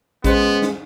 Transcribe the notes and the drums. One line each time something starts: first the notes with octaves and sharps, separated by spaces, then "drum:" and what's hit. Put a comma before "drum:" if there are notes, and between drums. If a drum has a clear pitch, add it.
G#3 B3 C#4 C5, drum: kick A1, hi-hat
drum: snare